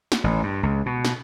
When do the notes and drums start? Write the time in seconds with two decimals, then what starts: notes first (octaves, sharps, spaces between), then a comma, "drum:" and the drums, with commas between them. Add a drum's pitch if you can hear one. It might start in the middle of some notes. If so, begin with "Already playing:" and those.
0.12 drum: snare
0.24 A1
0.43 G2
0.63 C#2
0.86 B2
1.05 drum: snare